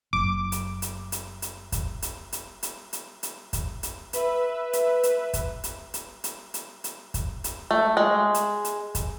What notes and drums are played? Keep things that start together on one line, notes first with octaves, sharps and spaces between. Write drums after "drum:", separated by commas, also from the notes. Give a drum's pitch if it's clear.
F#1 D6
drum: hi-hat
drum: hi-hat
drum: hi-hat
drum: hi-hat
drum: kick, hi-hat
drum: hi-hat
drum: hi-hat
drum: hi-hat
drum: hi-hat
drum: hi-hat
drum: kick, hi-hat
drum: hi-hat
B4 E5, drum: hi-hat
drum: hi-hat
drum: hi-hat
drum: kick, hi-hat
drum: hi-hat
drum: hi-hat
drum: hi-hat
drum: hi-hat
drum: hi-hat
drum: kick, hi-hat
drum: hi-hat
A3
G#3
drum: hi-hat
drum: hi-hat
drum: kick, hi-hat